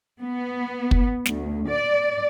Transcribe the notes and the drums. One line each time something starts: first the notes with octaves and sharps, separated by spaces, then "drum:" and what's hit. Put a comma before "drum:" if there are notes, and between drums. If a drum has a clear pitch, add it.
B3
drum: kick
D2, drum: snare
D5